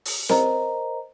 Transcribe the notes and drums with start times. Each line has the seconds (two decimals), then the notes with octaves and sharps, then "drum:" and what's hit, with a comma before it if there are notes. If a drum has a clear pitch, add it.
0.05 drum: open hi-hat
0.29 A#4 C5 D#5 A#5, drum: snare C4